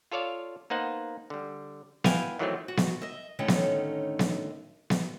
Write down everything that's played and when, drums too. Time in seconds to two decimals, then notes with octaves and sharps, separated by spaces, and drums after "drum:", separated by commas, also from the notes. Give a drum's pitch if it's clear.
0.12 F4 A4 C#5 D5 F5
0.70 A#3 B3 D#4 C5 F#5
1.30 D3 G3
2.04 B3 E4 B4 F5 G5 G#5, drum: snare B3
2.39 D#3 E3 F#3 A3 B3 C4
2.68 F#4
2.77 drum: snare B3
3.02 D#5 E5
3.39 A2 D3 D#3 A3 C#4 D#4
3.48 drum: snare B3
4.19 drum: snare B3
4.90 drum: snare B3